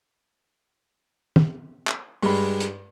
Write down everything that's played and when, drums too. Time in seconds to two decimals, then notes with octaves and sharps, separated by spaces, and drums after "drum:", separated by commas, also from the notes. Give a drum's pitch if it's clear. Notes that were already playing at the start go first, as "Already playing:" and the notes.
1.36 drum: tom
1.87 drum: clap
2.23 G2 G#3 B5, drum: open hi-hat
2.60 drum: hi-hat